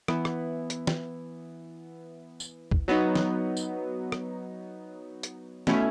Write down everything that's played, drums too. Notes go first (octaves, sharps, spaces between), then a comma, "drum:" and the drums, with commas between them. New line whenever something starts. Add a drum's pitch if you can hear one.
E3 B3 E4, drum: rim click
drum: rim click
drum: hi-hat
drum: snare
drum: tambourine
drum: kick
F#3 B3 D#4
drum: snare
drum: tambourine
drum: rim click
drum: hi-hat
B2 A3 C#4 E4, drum: snare